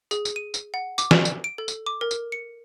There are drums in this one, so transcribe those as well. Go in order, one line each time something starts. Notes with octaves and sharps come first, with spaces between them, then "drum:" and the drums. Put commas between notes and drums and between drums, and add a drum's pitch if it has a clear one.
G#4, drum: tambourine
drum: tambourine
D#7
drum: tambourine
F#5
D6, drum: tambourine
drum: snare
drum: tambourine
D7
A4
drum: tambourine
D6
A#4
drum: tambourine
C#7